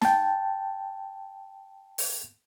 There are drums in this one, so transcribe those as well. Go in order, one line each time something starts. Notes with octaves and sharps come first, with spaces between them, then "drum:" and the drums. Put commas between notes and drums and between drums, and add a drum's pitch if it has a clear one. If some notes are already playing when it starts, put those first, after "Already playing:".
G5 A5, drum: snare
drum: open hi-hat